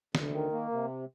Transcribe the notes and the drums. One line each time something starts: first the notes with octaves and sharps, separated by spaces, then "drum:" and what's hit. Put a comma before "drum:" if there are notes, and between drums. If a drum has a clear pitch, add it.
D2, drum: snare
D#3
A#3
C3